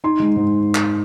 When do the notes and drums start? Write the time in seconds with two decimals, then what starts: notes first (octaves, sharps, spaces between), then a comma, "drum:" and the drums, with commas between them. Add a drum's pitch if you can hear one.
0.04 D#4 C6
0.20 G#3
0.36 G#2
0.75 drum: clap